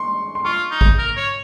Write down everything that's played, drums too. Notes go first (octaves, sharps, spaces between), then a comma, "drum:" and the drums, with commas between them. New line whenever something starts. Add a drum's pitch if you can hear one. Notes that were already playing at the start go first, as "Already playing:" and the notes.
Already playing: C6 C#6
C6
F4 C#6
D#4
drum: kick A1
A#4
C#5